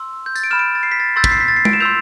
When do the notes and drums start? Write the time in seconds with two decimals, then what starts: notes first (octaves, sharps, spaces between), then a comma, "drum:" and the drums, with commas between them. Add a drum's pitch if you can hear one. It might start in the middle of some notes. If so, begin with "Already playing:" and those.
Already playing: C6 E6
0.26 G6
0.35 A6, drum: tambourine
0.44 D7
0.51 B5 F6 E7
0.59 D7
0.75 A6
0.83 C7
0.92 B6
1.00 A6
1.16 C6 E6 G6 A6
1.24 B6, drum: kick
1.32 C7
1.40 B6
1.48 A6
1.57 C7
1.65 D7, drum: tom G#3
1.73 E7
1.80 C6 E6 G6 F7